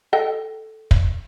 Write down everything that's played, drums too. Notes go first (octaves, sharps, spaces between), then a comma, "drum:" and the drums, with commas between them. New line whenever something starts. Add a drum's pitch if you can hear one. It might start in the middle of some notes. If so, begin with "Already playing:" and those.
A4 D#5 G5
drum: kick